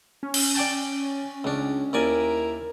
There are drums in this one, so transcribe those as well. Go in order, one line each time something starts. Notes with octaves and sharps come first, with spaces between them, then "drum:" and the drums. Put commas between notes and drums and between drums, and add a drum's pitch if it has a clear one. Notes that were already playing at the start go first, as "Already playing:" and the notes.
C#4
drum: cymbal
D5 G5 A5
C#2 D4
D#2 E4 A#4 D5 G#5